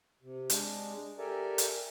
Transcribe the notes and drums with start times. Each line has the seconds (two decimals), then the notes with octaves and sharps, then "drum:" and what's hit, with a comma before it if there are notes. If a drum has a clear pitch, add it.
0.22 C3
0.50 G#3 D4, drum: hi-hat
1.19 G4 A4 A#4 D5 E5 G#5
1.58 drum: hi-hat